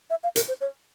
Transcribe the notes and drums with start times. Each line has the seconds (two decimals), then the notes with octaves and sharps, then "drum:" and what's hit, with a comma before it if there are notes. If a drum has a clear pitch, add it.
0.10 E5
0.23 F5
0.36 A#4, drum: hi-hat
0.48 C5
0.61 C#5